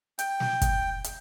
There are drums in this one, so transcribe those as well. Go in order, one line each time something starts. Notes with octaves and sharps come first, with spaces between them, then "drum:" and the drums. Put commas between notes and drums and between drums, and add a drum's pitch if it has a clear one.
G5, drum: hi-hat
drum: snare
drum: kick, hi-hat
drum: hi-hat